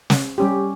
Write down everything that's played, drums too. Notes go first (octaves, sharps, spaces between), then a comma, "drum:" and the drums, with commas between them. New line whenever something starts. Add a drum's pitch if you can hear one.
drum: snare
G3 C#4 G4